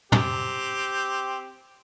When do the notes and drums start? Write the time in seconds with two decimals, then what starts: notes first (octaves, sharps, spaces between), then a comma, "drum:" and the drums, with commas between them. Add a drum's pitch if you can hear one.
0.12 C4 G4, drum: tom